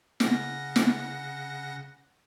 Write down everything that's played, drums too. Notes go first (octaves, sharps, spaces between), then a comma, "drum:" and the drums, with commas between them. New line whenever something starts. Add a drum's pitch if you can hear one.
C#3 F#5 A#6, drum: snare
drum: snare